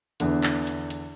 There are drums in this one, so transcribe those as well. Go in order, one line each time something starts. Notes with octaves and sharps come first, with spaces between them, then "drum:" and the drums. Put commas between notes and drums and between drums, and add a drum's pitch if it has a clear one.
E2 D3, drum: hi-hat
drum: clap
drum: hi-hat
drum: hi-hat